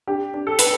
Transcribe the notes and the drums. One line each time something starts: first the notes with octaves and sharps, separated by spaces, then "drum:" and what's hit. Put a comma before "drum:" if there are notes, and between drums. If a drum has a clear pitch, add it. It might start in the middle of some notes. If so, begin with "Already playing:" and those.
D4 G4
D4
A4
B4, drum: hi-hat